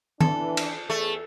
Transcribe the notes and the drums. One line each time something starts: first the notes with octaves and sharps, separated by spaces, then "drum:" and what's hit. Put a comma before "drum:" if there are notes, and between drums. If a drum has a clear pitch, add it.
E3 D4 A4, drum: tom D#3
drum: cymbal
E2 A3 G#4